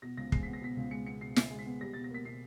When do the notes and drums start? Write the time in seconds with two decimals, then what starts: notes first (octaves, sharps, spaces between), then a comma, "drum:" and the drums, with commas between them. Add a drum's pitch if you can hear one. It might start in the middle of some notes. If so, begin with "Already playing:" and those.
0.02 B2 A#6
0.17 C#2 A#6
0.32 G#3 C7, drum: kick
0.43 B3 B6
0.53 A#6
0.62 B2 B6
0.77 C#2
0.91 G#3 C#7
1.07 B3 C#7
1.21 B2 C7
1.36 C#2 C7, drum: snare
1.51 G#3
1.59 B6
1.66 B3
1.81 G3 A#6
1.94 B2 A6
2.04 A#6
2.10 A#3 B6
2.25 B2 C7